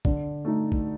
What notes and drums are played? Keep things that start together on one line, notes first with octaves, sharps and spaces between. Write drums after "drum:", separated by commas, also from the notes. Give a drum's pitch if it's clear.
D3, drum: kick
A3 D#4
drum: kick